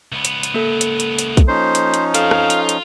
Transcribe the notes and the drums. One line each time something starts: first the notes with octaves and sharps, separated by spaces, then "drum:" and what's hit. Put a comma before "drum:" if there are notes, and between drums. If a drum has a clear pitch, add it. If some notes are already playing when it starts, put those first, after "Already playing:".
C#2 B3
drum: hi-hat
drum: hi-hat
A#3 A4
drum: hi-hat
drum: hi-hat
drum: hi-hat
drum: kick B1, hi-hat
F3 C#4 D#4 C5
drum: hi-hat
drum: hi-hat
C4 A4 F5 A5, drum: hi-hat
drum: rim click
F4, drum: hi-hat
drum: hi-hat